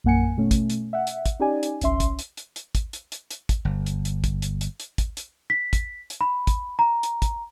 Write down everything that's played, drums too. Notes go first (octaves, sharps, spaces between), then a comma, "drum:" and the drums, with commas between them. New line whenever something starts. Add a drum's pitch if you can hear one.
A#1 F#2 A#3 F#5 G#5 C#7
B2 A3 C#4
drum: kick, hi-hat
drum: hi-hat
E5 F#5
drum: hi-hat
drum: kick, hi-hat
C#4 D#4 G4 D5 G#5
drum: hi-hat
G1 C2 C#4 E5 C6, drum: hi-hat
drum: kick, hi-hat
drum: hi-hat
drum: hi-hat
drum: hi-hat
drum: kick, hi-hat
drum: hi-hat
drum: hi-hat
drum: hi-hat
drum: kick, hi-hat
G1
drum: hi-hat
drum: hi-hat
drum: kick, hi-hat
drum: hi-hat
drum: hi-hat
drum: hi-hat
drum: kick, hi-hat
drum: hi-hat
B6
drum: kick, hi-hat
drum: hi-hat
B5
drum: kick, hi-hat
A#5
drum: hi-hat
drum: kick, hi-hat